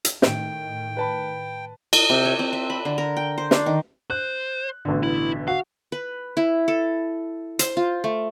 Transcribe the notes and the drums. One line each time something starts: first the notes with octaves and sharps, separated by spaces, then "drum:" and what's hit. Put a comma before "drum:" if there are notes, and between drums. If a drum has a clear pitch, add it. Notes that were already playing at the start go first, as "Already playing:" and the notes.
drum: hi-hat
A2 D#3 G5, drum: snare
B4 A5 B5
D#5, drum: cymbal
C3
C#5
C4
E5
B5
D3
A#4
G5
C5
D4, drum: snare
D#3
C5 F#6
A1 B2 D3
E4
F#4 F5
B4
E4
A4
C5, drum: hi-hat
F4
A3